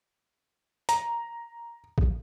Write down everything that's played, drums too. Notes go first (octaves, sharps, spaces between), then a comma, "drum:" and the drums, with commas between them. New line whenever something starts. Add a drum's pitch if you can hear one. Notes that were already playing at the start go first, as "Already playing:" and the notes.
A#5, drum: hi-hat
drum: kick A#1